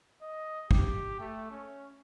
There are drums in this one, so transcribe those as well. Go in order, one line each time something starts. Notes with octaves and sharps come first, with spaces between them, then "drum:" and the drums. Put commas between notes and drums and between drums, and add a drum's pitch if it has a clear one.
D#5
G4, drum: kick
A3
C#4